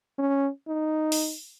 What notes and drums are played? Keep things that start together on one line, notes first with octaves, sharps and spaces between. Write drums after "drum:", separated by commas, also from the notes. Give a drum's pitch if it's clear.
C#4
D#4
drum: open hi-hat